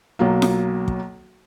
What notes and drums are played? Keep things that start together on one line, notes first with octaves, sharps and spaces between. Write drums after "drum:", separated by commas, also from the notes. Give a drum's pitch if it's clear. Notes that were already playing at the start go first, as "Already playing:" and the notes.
B1 F#3 A#3
drum: snare F4
drum: kick